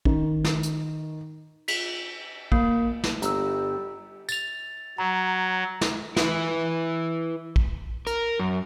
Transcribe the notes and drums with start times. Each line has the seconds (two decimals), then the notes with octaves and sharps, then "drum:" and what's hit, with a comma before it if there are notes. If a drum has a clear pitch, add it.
0.05 D#3, drum: kick
0.45 drum: snare
0.63 drum: hi-hat
1.68 B6, drum: cymbal
2.52 A#3, drum: kick
3.04 drum: snare
3.22 G1 G3 A#5 E6, drum: hi-hat
4.29 A6 F7, drum: tambourine
4.98 F#3 A#5
5.81 drum: snare
6.17 E4 B4, drum: snare
7.56 drum: kick
8.07 A#4, drum: hi-hat
8.39 F#2